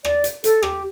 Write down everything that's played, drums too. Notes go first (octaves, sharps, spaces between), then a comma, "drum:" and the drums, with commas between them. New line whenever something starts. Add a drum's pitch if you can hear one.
D5, drum: rim click
drum: hi-hat
A4, drum: hi-hat
G4, drum: rim click